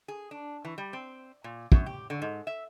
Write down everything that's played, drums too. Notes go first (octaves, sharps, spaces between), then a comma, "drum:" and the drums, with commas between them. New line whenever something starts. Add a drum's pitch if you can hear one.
G#4
D4
E3
G3
C4
A#2
F#2, drum: kick
G4
D3
G#2
E5